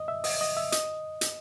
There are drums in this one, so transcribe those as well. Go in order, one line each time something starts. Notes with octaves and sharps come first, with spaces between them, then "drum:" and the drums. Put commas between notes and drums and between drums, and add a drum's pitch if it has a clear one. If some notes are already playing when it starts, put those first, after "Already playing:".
Already playing: D#5
E5
D#5, drum: open hi-hat
D#5
E5
D#5, drum: hi-hat
drum: hi-hat